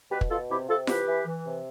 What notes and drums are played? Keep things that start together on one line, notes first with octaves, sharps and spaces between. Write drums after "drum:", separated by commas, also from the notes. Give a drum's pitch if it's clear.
B2 G4 B4
drum: kick
B2 F4 A4
C3 E4 G4
C3 F4 A4
E3 G4 B4, drum: snare F4
E3
E3
C3